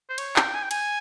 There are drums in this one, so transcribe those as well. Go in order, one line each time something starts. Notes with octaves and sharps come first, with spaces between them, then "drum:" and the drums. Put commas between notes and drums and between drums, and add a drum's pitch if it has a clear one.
C5
C#5, drum: cymbal
G5, drum: clap
G#5
G5
G#5, drum: cymbal